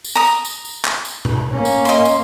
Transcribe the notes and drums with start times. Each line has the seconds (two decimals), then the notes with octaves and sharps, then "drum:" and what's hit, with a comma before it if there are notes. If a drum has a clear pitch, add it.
0.04 drum: tambourine
0.15 A#5 D#6
0.25 drum: tambourine
0.45 drum: tambourine
0.65 drum: tambourine
0.85 drum: clap
1.05 drum: tambourine
1.25 drum: tom B2
1.52 A#3 C#4
1.65 drum: tambourine
1.85 D#5 C6, drum: tambourine
2.05 drum: tambourine